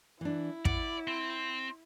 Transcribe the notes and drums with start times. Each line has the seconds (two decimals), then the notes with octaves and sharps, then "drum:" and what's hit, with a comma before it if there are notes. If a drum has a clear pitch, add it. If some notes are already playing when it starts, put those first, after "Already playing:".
0.21 E3 D4 E4
0.65 D5 F#5, drum: kick
1.07 C4